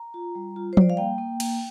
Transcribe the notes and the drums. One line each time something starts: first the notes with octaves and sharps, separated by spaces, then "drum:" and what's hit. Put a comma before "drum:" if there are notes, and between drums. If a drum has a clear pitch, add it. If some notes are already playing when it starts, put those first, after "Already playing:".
Already playing: A#5
F4
G3
F4
C5
G3 D5, drum: tom F3
F5
A#3 G5
A#3
A#3, drum: cymbal